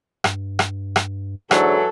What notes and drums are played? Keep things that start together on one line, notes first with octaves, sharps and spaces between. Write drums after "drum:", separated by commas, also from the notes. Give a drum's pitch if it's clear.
G2, drum: rim click
drum: rim click
drum: rim click
G#2 D3 E3 F#3 A4, drum: rim click